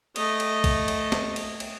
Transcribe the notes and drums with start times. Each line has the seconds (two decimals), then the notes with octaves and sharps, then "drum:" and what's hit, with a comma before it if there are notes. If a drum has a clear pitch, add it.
0.16 A3 D#5, drum: cymbal
0.40 drum: cymbal
0.64 drum: kick A#1, cymbal
0.88 drum: cymbal
1.12 drum: snare
1.36 drum: cymbal
1.60 drum: cymbal